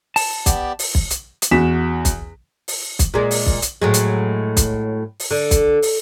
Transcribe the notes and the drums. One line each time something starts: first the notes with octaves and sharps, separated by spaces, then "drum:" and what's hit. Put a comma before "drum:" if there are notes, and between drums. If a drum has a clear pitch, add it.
A5, drum: open hi-hat
B3 G4 D5, drum: kick, hi-hat
drum: open hi-hat
drum: kick
drum: hi-hat
drum: hi-hat
E2 F#4 B6 E7
drum: kick, hi-hat
drum: open hi-hat
drum: kick, hi-hat
A#2 G#3
drum: open hi-hat
drum: kick
drum: hi-hat
A2 F#3 G#3
drum: hi-hat
drum: kick, hi-hat
drum: open hi-hat
D3
drum: kick, hi-hat
drum: open hi-hat